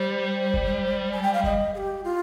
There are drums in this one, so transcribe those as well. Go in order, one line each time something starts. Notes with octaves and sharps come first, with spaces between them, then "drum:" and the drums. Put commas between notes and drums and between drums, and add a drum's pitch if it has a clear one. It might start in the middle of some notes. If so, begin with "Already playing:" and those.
Already playing: G3 C5
drum: kick
G#5
G5
F5
D#5, drum: kick
G#4
G4
F4